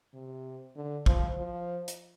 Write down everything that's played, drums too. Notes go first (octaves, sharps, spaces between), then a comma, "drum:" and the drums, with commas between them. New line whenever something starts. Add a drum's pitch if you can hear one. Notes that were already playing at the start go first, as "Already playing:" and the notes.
C3
D3
F3, drum: kick G#1
F3
drum: hi-hat